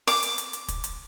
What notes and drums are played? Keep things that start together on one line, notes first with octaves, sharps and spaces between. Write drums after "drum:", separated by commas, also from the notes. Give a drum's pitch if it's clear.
D6, drum: open hi-hat
drum: hi-hat
drum: hi-hat
drum: hi-hat
drum: kick, hi-hat
drum: hi-hat